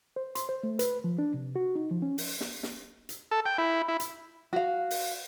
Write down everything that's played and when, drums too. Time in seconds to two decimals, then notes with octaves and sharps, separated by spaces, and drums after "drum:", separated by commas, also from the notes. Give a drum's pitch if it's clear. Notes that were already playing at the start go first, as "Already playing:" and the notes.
0.16 C5
0.35 C6, drum: hi-hat
0.49 C5
0.63 A3
0.79 B4, drum: hi-hat
1.04 F3
1.18 D4
1.34 C3
1.56 F#4
1.75 D#4
1.91 F3
2.02 C#4
2.18 drum: open hi-hat
2.41 drum: snare
2.63 drum: snare
3.09 drum: hi-hat
3.31 A4
3.46 G5
3.58 E4
3.88 E4
4.00 drum: hi-hat
4.53 F#4 F5
4.91 drum: open hi-hat